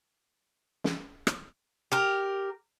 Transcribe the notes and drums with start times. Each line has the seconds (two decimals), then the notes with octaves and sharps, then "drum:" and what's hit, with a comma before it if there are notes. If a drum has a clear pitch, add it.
0.84 drum: snare
1.27 drum: rim click
1.92 G4 A#4